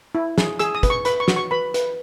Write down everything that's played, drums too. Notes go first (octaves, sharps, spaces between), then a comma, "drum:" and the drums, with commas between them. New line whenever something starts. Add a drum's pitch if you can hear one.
E4
G#4, drum: snare
G#4 E6, drum: hi-hat
D#6
B4, drum: kick, hi-hat
C#6
B4 B5, drum: hi-hat
C#6
F#4, drum: snare
C#6
B4 B5
B4, drum: hi-hat